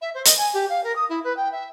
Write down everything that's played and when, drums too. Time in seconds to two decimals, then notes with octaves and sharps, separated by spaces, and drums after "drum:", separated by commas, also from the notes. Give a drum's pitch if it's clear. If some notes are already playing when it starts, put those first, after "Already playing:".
0.01 E5
0.14 C5
0.25 D#5, drum: hi-hat
0.37 G#5
0.53 G4
0.69 F5
0.83 A#4
0.95 D#6
1.09 E4
1.24 B4
1.36 G5
1.52 E5